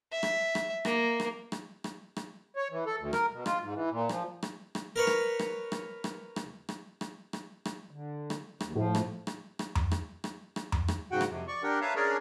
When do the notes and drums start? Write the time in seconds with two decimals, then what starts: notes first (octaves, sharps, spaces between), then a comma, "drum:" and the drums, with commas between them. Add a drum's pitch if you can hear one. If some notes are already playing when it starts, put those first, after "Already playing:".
0.12 E5
0.23 drum: rim click
0.55 drum: rim click
0.85 A#3, drum: rim click
1.20 drum: rim click
1.52 drum: rim click
1.84 drum: rim click
2.16 drum: rim click
2.56 C#5
2.71 E3
2.87 A4
3.00 D2
3.13 A#4, drum: rim click
3.32 B2
3.46 F4, drum: rim click
3.62 G#2
3.74 E3
3.91 A#2
4.09 F3, drum: rim click
4.43 drum: rim click
4.75 drum: rim click
4.96 A#4 B4 C#5
5.07 drum: rim click
5.39 drum: rim click
5.72 drum: rim click
6.04 drum: rim click
6.36 drum: rim click
6.69 drum: rim click
7.01 drum: rim click
7.33 drum: rim click
7.65 drum: rim click
7.91 D3
8.30 drum: rim click
8.60 D#2, drum: rim click
8.75 A2 F3
8.95 drum: rim click
9.27 drum: rim click
9.59 drum: rim click
9.75 drum: tom F2
9.91 drum: rim click
10.24 drum: rim click
10.56 drum: rim click
10.72 drum: tom F2
10.88 drum: rim click
11.12 G#2 C#3 F#4 F#5 G5
11.21 drum: rim click
11.30 F2 C3
11.48 D5 C#6
11.63 D4 G4 A#4 F#5 G5
11.81 B4 C#5 E5 F5 A5 A#5
11.96 C#4 D4 G#4 A#4 C#5 D5